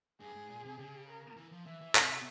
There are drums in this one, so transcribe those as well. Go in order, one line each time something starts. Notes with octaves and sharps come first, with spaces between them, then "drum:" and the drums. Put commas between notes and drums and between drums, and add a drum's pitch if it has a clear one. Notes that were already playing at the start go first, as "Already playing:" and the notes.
G2 G#4
G#2
A#2
C3
C#3
A#4
E3
F3
E3 E5
E3
C3, drum: clap